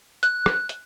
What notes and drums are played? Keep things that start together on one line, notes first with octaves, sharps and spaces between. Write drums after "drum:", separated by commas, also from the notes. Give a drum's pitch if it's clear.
F#6, drum: hi-hat
drum: rim click
drum: hi-hat